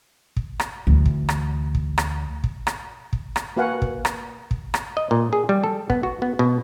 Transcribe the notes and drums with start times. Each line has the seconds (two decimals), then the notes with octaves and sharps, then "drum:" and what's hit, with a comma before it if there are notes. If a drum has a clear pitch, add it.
0.37 drum: kick
0.60 drum: rim click
0.87 D2 E3
1.06 drum: kick
1.29 drum: rim click
1.75 drum: kick
1.98 drum: rim click
2.44 drum: kick
2.67 drum: rim click
3.13 drum: kick
3.36 drum: rim click
3.56 A#3 F#4 B4 F5 F#5 G#5
3.82 drum: kick
4.05 drum: rim click
4.51 drum: kick
4.74 drum: rim click
4.97 D#5
5.11 A#2
5.33 G#4
5.49 G3
5.64 A4
5.90 B3, drum: kick
6.03 F#4
6.22 B3
6.39 B2